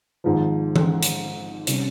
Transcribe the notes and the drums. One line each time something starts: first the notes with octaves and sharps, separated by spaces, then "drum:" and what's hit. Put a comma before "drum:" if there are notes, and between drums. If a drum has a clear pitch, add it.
G#1 G#2 F3
drum: tom E3
drum: hi-hat
C3 G3 C#4, drum: hi-hat